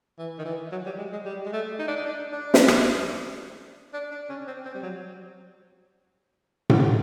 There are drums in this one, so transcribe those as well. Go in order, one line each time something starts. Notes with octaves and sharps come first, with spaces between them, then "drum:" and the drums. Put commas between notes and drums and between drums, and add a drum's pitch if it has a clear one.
E3
D#3
E3
F#3
G3
G#3
G#3
G3
G#3
A3
D#4
D4
D#4
D4
D4
drum: snare
drum: rim click
D4
D4
C#4
C4
C4
G3
F#3
drum: tom A2